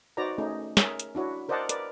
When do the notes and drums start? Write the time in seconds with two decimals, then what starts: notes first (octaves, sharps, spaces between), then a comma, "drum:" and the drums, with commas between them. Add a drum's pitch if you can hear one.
0.17 D#4 F#4 B4 C5 D5 A#5
0.38 A3 C#4 D#4 G#4
0.77 G#4 A#4 C#5 E5, drum: snare
1.00 drum: hi-hat
1.15 D4 E4 F#4 C#5
1.49 A#4 C5 D5 D#5 F#5 A5
1.69 A#4 B4 D5, drum: hi-hat